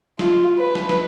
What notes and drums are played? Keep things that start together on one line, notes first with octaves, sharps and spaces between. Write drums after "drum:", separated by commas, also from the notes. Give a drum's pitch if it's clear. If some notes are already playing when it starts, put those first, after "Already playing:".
F4, drum: snare
B4
drum: snare
drum: snare